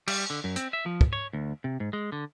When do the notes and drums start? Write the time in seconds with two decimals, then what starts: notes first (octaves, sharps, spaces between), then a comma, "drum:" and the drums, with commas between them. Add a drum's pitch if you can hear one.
0.08 G3, drum: cymbal
0.30 D3
0.44 F#2
0.56 C4, drum: hi-hat
0.73 E5
0.86 F3
1.01 drum: kick
1.13 C#5
1.33 D2
1.64 C3
1.80 G#2
1.93 G#3
2.12 D3